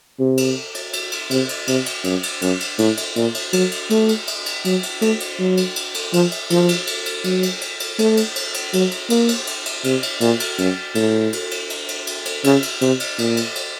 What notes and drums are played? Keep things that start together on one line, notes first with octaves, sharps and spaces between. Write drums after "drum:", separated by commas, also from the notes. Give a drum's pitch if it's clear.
C3
drum: cymbal
drum: cymbal
drum: cymbal
drum: cymbal
C3, drum: cymbal
drum: cymbal
C3, drum: cymbal
drum: cymbal
F#2, drum: cymbal
drum: cymbal
F#2, drum: cymbal
drum: cymbal
A2, drum: cymbal
drum: cymbal
A#2, drum: cymbal
drum: cymbal
F#3, drum: cymbal
drum: cymbal
A3, drum: cymbal
drum: cymbal
drum: cymbal
drum: cymbal
F#3, drum: cymbal
drum: cymbal
A3, drum: cymbal
drum: cymbal
F#3
drum: cymbal
drum: cymbal
drum: cymbal
F3, drum: cymbal
drum: cymbal
F3, drum: cymbal
drum: cymbal
drum: cymbal
drum: cymbal
F#3, drum: cymbal
drum: cymbal
drum: cymbal
drum: cymbal
A3, drum: cymbal
drum: cymbal
drum: cymbal
drum: cymbal
F#3, drum: cymbal
drum: cymbal
A#3, drum: cymbal
drum: cymbal
drum: cymbal
drum: cymbal
C3, drum: cymbal
drum: cymbal
A#2, drum: cymbal
drum: cymbal
F#2, drum: cymbal
A2, drum: cymbal
drum: cymbal
drum: cymbal
drum: cymbal
drum: cymbal
drum: cymbal
drum: cymbal
C#3, drum: cymbal
drum: cymbal
C3, drum: cymbal
drum: cymbal
A#2, drum: cymbal
drum: cymbal
drum: cymbal